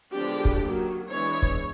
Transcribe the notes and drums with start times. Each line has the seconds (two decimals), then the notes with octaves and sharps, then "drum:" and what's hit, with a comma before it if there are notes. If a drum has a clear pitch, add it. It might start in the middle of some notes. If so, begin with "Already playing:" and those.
0.13 D3 F3 G#3 B3 D4 G4
0.45 drum: kick
0.61 D#3 F#3 A#3
1.10 E3 G#3 B3 D4 C#5
1.42 drum: kick